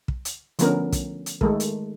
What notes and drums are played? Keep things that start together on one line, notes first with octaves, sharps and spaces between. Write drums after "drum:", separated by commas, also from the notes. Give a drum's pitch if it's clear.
drum: kick
drum: hi-hat
D3 F3 A3 B3 C#4 A#4, drum: hi-hat
drum: kick, hi-hat
drum: hi-hat
D#3 G#3 A3 A4 A#4, drum: kick
drum: hi-hat